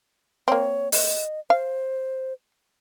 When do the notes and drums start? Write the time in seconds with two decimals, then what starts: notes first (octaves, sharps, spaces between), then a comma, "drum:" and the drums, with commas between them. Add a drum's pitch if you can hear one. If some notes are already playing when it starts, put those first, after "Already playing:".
0.48 A#3 C4 C#5
0.92 D#5, drum: open hi-hat
1.50 C5 F5